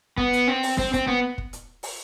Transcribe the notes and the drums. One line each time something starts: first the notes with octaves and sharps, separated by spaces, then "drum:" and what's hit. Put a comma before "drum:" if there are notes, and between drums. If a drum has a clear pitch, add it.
B3, drum: kick
drum: hi-hat
C4
drum: open hi-hat
C4, drum: kick
C4, drum: kick, hi-hat
B3
drum: kick
drum: hi-hat
drum: open hi-hat